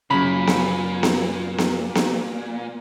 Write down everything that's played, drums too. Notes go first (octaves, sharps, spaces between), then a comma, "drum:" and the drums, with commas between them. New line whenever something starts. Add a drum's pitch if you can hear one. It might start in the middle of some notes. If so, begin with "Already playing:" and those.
F#2 A#2 C#3 B5
drum: snare B3
drum: snare B3
drum: snare B3
drum: snare B3